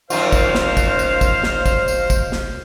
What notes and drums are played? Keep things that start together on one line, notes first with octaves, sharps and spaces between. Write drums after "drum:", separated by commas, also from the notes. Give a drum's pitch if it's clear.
F#2 D#3 F4 C5 F5, drum: tambourine
drum: kick, tambourine
drum: snare
drum: kick, tambourine
drum: tambourine
drum: kick, tambourine
drum: snare
drum: kick, tambourine
drum: tambourine
drum: kick, tambourine
drum: snare